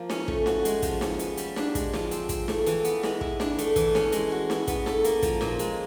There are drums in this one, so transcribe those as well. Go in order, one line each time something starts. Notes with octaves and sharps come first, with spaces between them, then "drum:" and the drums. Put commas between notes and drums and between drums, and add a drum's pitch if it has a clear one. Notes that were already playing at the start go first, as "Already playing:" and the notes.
Already playing: F3 A#3
C#4, drum: snare
A3, drum: kick
F#4, drum: snare
G#3, drum: hi-hat
F3, drum: kick, hi-hat
C#4, drum: snare
B3, drum: hi-hat
G3, drum: hi-hat
D4, drum: snare
G#3, drum: kick, hi-hat
F3, drum: snare
C4, drum: hi-hat
C4, drum: kick, hi-hat
A3, drum: snare
E3, drum: hi-hat
B3, drum: hi-hat
G#3, drum: snare
E4, drum: kick
D4, drum: snare
A3, drum: hi-hat
E3, drum: kick, hi-hat
C#4, drum: snare
G#3, drum: hi-hat
F#4
E4, drum: snare
B3, drum: kick, hi-hat
A4, drum: snare
A#3, drum: hi-hat
F3, drum: kick, hi-hat
A#2, drum: snare
G#3, drum: hi-hat